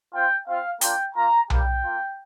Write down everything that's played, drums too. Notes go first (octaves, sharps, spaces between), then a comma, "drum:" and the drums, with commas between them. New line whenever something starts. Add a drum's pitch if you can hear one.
C4 F4 G5
C4 F4 F5
A#3 D4 F4 G5, drum: hi-hat
A#3 F4 A#5
G3 A#3 G4 G5, drum: tom B1
A#3 F4